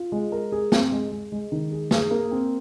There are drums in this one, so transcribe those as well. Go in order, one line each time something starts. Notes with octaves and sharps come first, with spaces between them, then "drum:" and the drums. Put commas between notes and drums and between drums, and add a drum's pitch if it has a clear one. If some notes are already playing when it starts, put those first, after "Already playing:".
Already playing: F4
G#3
A#4
G#4
C4, drum: snare
G#3
G#3
G#3
D#3
G#4
G#4, drum: snare
A#3
C4